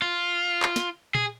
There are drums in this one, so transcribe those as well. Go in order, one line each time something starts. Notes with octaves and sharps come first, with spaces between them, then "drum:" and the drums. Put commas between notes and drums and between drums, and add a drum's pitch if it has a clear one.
F4
drum: clap
drum: snare
G#4, drum: tom A#2